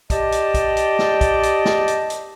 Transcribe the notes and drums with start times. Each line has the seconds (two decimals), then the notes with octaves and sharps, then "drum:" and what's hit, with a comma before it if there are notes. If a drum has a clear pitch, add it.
0.10 G4 D5 D#5 A5, drum: kick, hi-hat
0.32 drum: hi-hat
0.54 drum: kick, hi-hat
0.77 drum: hi-hat
0.99 drum: snare
1.21 drum: kick, hi-hat
1.43 drum: hi-hat
1.65 drum: snare
1.88 drum: hi-hat
2.10 drum: hi-hat